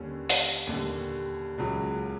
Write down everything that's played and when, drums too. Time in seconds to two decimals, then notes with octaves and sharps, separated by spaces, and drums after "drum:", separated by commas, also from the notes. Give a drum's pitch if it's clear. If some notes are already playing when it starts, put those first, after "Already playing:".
Already playing: D#2 D3 G3 C#4
0.29 drum: open hi-hat
0.67 D#2 D3 G3
1.58 C#2 C#3 F#3